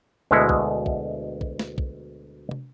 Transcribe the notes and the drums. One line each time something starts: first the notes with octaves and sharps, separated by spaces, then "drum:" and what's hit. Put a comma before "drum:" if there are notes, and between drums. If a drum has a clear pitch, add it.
D2 B2 G#3 E4 F#5
drum: kick B1
drum: kick B1
drum: kick B1
drum: snare
drum: kick B1
drum: tom